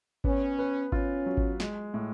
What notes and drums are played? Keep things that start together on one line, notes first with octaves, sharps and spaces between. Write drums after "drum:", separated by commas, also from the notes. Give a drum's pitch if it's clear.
B3 C#4, drum: kick G#1
B4
C#4 F4, drum: kick G#1
F#3
drum: kick G#1
G#3, drum: snare
A2